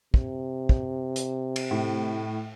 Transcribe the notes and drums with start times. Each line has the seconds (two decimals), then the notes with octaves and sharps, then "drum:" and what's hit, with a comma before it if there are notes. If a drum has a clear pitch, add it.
0.14 C3, drum: kick
0.69 drum: kick
1.16 drum: hi-hat
1.56 drum: cymbal
1.71 A2